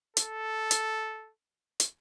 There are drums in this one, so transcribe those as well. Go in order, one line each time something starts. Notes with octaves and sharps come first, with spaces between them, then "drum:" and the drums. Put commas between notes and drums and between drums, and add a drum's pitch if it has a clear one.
A4, drum: hi-hat
drum: hi-hat
drum: hi-hat